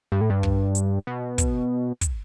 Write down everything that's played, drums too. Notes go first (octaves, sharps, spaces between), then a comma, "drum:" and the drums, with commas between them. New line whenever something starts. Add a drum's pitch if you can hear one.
G2
A2
G2
drum: kick
drum: hi-hat
B2
drum: kick, hi-hat
drum: kick, hi-hat